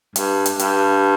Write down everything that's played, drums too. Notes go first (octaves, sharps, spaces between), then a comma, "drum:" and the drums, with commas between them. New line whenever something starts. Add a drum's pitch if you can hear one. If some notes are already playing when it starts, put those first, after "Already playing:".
G2, drum: hi-hat
drum: hi-hat
G2, drum: hi-hat